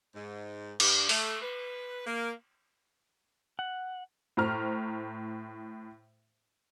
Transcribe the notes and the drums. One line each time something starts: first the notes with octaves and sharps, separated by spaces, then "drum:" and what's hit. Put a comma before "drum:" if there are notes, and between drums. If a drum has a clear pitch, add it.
G#2
G2, drum: cymbal
A3, drum: open hi-hat
B4
A#3
F#5
A2 C5 A#5 F6